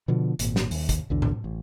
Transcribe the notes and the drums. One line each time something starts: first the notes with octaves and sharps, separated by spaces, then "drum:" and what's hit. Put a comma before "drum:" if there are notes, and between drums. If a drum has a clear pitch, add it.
B2 D3 F3
G#1 A#2, drum: hi-hat
drum: snare
D#2, drum: open hi-hat
drum: kick, hi-hat
B1 E2 D3
drum: tom A2
A1